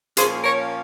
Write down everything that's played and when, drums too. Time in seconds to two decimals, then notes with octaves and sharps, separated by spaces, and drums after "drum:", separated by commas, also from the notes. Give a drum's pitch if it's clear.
0.17 A#2 F3 A#3 C#4 G#4 C5, drum: hi-hat
0.43 A#4 C#5